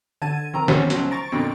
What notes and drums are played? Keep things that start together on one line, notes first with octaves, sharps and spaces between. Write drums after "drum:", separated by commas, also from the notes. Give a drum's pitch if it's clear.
D3 A5 G#6 D#7
D#3 C4 A#5
C3 C#4 C5, drum: snare
C#2 F3 F#3, drum: hi-hat
A#5 C#6 A6 D7
F2 A#2 D3